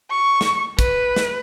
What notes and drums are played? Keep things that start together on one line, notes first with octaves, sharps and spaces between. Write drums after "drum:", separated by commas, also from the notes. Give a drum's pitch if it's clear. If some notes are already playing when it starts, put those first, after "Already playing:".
C#6
drum: snare
B4, drum: kick, hi-hat
drum: snare